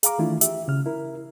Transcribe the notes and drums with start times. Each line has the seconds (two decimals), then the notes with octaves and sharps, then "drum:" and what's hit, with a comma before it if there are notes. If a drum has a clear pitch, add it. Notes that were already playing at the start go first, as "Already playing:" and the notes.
0.03 G#4 F5 A#5 D6, drum: hi-hat
0.18 D#3 E3 A3 D4 E4 F4
0.41 G4 E5, drum: hi-hat
0.68 C#3 F6
0.86 E4 A#4